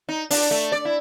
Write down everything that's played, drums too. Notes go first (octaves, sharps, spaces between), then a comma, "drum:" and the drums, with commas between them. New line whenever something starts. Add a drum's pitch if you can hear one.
D#4
D4, drum: open hi-hat
A3
D5
E4